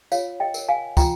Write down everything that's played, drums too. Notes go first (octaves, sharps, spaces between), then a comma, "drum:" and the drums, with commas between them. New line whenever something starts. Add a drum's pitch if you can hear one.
F4 C#5 F5, drum: tambourine
D#5 G5
A#4 C#5, drum: tambourine
F5 G#5
F4 G5 A#5, drum: kick, tambourine